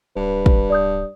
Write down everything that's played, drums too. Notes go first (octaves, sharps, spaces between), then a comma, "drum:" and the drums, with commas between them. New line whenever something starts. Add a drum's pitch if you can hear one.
D1 G2 B4
drum: kick
D5 D#6 G6